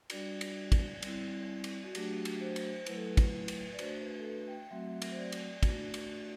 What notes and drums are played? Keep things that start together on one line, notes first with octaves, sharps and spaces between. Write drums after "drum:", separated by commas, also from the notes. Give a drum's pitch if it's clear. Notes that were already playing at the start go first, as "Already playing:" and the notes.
G3 D4 F#4 D5, drum: cymbal
drum: cymbal
drum: kick, cymbal
G3 C4 E4, drum: cymbal
drum: cymbal
F#4
F#3 A3 D4 F#4 G4, drum: cymbal
drum: cymbal
C5
drum: cymbal
F#3 A3 E4 B4, drum: cymbal
A4
B4
drum: kick, cymbal
drum: cymbal
D5
A3 D4 F#4 C5, drum: cymbal
B4
A4
B4
G5
F#3 A3 C4 F#4 E5
drum: cymbal
C5
D5
drum: cymbal
A3 D4 F#4, drum: kick, cymbal
drum: cymbal